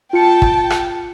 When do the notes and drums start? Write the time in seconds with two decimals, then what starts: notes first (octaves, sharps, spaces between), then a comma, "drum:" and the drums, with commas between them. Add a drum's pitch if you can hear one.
0.13 F4 G5 A5 C#7
0.42 drum: kick
0.70 drum: rim click